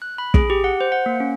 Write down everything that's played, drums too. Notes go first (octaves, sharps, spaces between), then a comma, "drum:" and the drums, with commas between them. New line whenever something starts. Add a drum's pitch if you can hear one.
F#6
B5
G#4, drum: kick
G4
F#5
C5
F#5
A#3
C#4